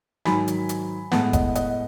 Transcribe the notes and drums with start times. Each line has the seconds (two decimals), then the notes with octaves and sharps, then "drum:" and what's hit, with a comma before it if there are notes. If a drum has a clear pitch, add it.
0.25 G#2 D#3 F#3 G#5 B5, drum: snare
0.48 drum: hi-hat
0.69 drum: hi-hat
1.12 A2 G#3 B3 F#5 A5, drum: snare
1.33 D#5 F#5, drum: kick E1, hi-hat
1.55 D#5 F#5, drum: hi-hat